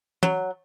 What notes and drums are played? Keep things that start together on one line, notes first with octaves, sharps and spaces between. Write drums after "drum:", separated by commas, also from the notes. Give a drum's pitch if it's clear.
F#3, drum: tom